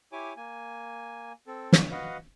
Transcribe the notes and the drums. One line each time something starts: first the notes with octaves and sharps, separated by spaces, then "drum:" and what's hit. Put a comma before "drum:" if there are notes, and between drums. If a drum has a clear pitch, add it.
E4 G4 C#5 G#5 D6
A#3 G#5
C4 A4
drum: snare
F#4 B4 D#5 F5 F#5